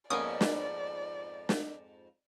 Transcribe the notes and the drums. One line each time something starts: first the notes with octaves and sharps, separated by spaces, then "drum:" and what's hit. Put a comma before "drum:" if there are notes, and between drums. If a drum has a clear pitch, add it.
F2 G#2 A#3 B3 C#4 D5 D#6
drum: snare
drum: snare